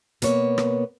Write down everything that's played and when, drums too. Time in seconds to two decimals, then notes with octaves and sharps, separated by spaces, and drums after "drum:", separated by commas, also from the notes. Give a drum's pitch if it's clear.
0.22 B2 A#3 B3 C#5, drum: hi-hat
0.58 drum: rim click